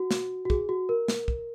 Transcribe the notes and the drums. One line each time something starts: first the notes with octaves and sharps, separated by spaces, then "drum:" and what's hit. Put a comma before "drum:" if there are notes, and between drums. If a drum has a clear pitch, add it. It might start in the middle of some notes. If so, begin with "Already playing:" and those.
Already playing: F#4
drum: snare
F#4
G#4, drum: kick
F#4
A#4
drum: snare
drum: kick